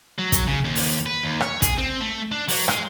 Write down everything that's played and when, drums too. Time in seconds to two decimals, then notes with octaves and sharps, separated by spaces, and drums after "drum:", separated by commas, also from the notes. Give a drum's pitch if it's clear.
0.18 F#3
0.32 drum: kick, hi-hat
0.47 C#3
0.65 D#2
0.75 drum: open hi-hat
1.06 B4
1.23 D#2
1.40 C#5, drum: rim click
1.62 G#4, drum: kick, hi-hat
1.78 C4
2.00 A3
2.32 D4
2.48 F#3, drum: open hi-hat
2.68 G#3, drum: rim click